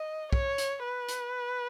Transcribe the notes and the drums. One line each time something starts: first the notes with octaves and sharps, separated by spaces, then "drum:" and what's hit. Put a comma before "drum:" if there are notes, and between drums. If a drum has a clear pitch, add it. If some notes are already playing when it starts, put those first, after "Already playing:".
Already playing: D#5
C#5, drum: kick
drum: hi-hat
B4
drum: hi-hat